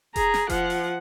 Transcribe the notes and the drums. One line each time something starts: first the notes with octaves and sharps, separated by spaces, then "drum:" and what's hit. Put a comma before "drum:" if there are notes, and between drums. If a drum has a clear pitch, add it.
G#4 A#5, drum: kick F1, hi-hat
drum: snare
F3 F#5, drum: kick F1, hi-hat
drum: open hi-hat